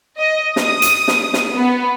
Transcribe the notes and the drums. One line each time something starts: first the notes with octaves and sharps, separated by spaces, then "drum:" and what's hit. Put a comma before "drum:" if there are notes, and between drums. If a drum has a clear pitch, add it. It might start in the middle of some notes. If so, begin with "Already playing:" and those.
D#5
D#6, drum: snare
drum: hi-hat
drum: snare
drum: snare
B3